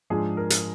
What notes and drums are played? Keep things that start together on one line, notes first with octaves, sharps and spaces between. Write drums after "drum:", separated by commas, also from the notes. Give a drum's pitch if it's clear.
G#2 F3 G#3 D4 G#4
A#4
drum: hi-hat